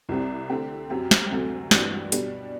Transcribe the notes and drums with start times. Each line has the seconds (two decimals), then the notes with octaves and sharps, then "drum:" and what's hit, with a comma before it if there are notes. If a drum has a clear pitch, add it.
0.09 C2 C3 G3 C4
0.49 D3 A3 C4 G4
0.90 F#2 F#3 C4 G4
1.11 drum: snare
1.31 D2 C3 F#3 A3 C4
1.71 G2 E3 G3 C4 F#4, drum: snare
2.12 B2 G3 D4, drum: hi-hat